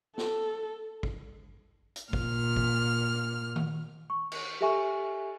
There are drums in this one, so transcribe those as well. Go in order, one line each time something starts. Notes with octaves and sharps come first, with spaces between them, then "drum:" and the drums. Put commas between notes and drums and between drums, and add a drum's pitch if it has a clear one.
A4, drum: snare
drum: kick
drum: hi-hat
A#2 F6, drum: kick
drum: kick
drum: tom D#3
C#6
drum: cymbal
G4 A4 E5 G#5 C#6